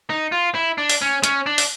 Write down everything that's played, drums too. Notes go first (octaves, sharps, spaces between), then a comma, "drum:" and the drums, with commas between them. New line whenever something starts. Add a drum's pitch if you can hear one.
D#4
F4
E4
D4
drum: open hi-hat
C#4
C#4, drum: hi-hat
D4
drum: open hi-hat